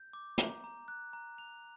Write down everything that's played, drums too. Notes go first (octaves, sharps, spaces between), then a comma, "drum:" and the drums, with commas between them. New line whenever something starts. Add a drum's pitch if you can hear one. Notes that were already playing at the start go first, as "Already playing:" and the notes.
Already playing: G6
D6
A#5, drum: hi-hat
A#5
F#6
A#5
F7